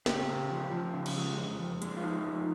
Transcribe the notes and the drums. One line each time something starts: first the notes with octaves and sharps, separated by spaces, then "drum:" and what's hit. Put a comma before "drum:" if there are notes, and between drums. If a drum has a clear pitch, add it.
C#3 G4, drum: snare
C#3
F3
F3
C#3
drum: cymbal
G#3
F2
F2
G#3, drum: hi-hat
F4
F3 D#4
F2